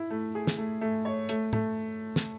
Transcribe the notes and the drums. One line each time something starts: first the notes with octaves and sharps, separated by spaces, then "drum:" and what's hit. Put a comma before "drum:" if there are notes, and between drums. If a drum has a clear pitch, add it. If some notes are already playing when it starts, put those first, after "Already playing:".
Already playing: E4
A3
G#4
drum: snare
A3
A3
C#5
A3, drum: hi-hat
A3, drum: tom
drum: snare